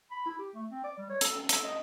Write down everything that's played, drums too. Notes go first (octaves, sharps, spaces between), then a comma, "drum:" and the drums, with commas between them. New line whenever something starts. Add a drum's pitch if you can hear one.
B5
E4
G4
A3
C4
D5
G3
C#5
A4, drum: hi-hat
C#4
A4, drum: hi-hat
D#5